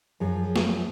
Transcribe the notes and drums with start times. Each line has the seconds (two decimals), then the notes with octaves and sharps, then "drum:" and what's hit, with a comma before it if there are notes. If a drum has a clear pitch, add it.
0.20 F#2 F3 G#4
0.56 drum: snare